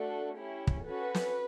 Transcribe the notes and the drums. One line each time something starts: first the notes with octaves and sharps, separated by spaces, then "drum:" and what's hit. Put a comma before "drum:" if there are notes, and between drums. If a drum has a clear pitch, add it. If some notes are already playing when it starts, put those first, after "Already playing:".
Already playing: A3 D4 F#4 A4
C#4 E4 G4
drum: kick
C#4 F#4 A4 B4
drum: snare